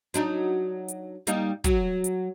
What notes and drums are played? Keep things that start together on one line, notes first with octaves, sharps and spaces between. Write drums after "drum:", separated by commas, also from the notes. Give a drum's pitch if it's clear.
F#3 D4 D#4, drum: hi-hat
drum: hi-hat
G3 A#3 D#4, drum: hi-hat
F#3, drum: kick, hi-hat
drum: hi-hat